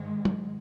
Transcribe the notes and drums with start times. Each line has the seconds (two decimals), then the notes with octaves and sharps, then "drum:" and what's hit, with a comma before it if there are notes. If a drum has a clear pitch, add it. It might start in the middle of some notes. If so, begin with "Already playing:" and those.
Already playing: G#2 D#3 G#3
0.25 drum: tom